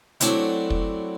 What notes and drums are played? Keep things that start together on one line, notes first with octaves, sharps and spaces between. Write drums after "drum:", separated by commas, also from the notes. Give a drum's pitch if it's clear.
F#3 A3 C4 D4 E4, drum: hi-hat
drum: kick